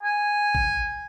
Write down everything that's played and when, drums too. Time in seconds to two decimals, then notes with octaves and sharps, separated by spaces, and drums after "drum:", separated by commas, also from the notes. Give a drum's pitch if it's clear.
0.03 G#5
0.55 drum: kick G#1